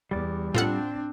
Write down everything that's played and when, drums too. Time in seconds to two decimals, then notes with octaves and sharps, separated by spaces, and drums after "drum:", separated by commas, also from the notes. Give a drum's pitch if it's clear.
0.11 E2 G3 D5
0.55 C4 D4 F4 A4 F#5, drum: tom A2